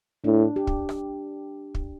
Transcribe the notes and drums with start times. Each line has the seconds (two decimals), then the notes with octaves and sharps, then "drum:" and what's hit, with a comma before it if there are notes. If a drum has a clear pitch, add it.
0.24 A2 D4
0.56 G4
0.67 drum: kick
0.89 drum: rim click
1.75 drum: kick